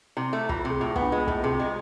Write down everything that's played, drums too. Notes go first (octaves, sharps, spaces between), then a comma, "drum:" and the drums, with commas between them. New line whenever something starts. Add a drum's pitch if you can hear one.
C3 E4
A3 E4
E3 F4, drum: kick
F4
C3
G#4
A2 F4
E4
B3, drum: kick
D4
G#3 F4
A2 G#4, drum: kick
C3 G#4
F4
G#3
F4